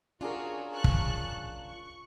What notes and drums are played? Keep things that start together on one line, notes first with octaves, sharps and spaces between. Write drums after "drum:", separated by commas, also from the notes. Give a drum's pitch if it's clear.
C#4 D4 F4 F#4 G#4 A#4
A5 C#6 F#6
drum: kick
C#6